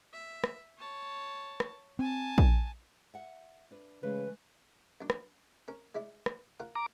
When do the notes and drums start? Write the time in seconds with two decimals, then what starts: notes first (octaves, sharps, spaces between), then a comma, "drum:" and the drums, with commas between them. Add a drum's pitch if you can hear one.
0.13 E5
0.44 drum: rim click
0.77 C#5 A5
1.60 drum: rim click
1.99 C4 G#5 A5
2.38 drum: kick A#1
3.14 E5 F#5
3.71 D4 B4
4.03 C#3 E3 G#3 A3 B4
5.01 F#2 D4
5.10 drum: rim click
5.68 C#4 A#4
5.95 G#3 E4 D5
6.26 drum: rim click
6.60 F4 A#4 F#5
6.75 A#5 D6